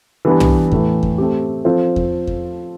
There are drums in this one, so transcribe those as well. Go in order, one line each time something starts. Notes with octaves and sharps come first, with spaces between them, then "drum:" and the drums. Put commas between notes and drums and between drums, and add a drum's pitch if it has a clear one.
E3 G3 B3 D4
drum: tom
A2 E3 A3, drum: kick E2
drum: kick E2
A3 C4 G4
F3 C4 F4 A4 C5
drum: kick E2
drum: kick E2